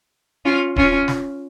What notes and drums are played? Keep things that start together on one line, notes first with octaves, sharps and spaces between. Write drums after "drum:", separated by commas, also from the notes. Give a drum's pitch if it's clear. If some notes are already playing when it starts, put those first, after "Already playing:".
C#4 F4
C#4 F4, drum: kick D1
drum: snare